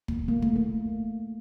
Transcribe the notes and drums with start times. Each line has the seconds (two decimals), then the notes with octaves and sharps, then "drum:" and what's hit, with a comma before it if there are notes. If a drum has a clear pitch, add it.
0.08 A#3, drum: kick
0.28 A#3
0.42 A3, drum: kick
0.56 A#3